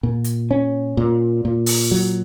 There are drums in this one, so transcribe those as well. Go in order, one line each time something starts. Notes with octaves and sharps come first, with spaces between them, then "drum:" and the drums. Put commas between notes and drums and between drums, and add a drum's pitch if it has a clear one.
A#2
drum: hi-hat
C#4
A#2
A#2
drum: open hi-hat
F#3